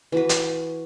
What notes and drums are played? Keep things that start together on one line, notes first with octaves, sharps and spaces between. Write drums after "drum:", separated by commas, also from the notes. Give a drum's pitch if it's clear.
E3 F#4 B4
drum: hi-hat